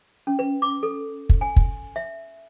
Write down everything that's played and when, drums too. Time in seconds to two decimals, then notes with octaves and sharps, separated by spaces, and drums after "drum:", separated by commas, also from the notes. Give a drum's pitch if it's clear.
0.27 C#4
0.39 B4
0.62 D6
0.83 A4
1.29 drum: kick
1.41 G#5
1.56 drum: kick
1.96 E5